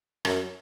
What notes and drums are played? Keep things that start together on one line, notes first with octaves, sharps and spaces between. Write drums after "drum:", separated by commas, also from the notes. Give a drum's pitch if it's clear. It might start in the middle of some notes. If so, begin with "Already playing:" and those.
F#2, drum: rim click